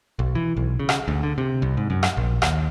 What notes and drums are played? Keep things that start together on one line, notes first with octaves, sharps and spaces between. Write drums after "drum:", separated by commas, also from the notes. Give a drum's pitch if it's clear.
B1
E3
B1
C#3
drum: rim click
D2
D3
C3
C2
G#2
F#2
drum: rim click
A#1
D#2, drum: rim click